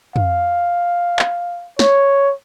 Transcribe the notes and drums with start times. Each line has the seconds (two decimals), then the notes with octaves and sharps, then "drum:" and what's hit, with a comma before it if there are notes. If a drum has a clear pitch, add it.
0.16 F5, drum: tom F2
1.19 drum: clap
1.79 C#5, drum: snare